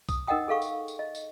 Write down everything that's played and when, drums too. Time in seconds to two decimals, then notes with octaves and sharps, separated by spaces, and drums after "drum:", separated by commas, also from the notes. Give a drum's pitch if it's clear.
0.09 D#6, drum: kick B1, tambourine
0.27 D#4 A#4 D#5 F#5 G5 D#6
0.48 G#4 A4 F5 C#6
0.62 drum: tambourine
0.88 drum: tambourine
0.99 D#5
1.15 drum: tambourine